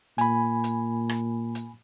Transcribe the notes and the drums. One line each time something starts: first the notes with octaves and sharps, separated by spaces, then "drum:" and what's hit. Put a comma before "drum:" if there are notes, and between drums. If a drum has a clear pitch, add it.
A#2 G#5 B5, drum: hi-hat
drum: hi-hat
drum: rim click
drum: hi-hat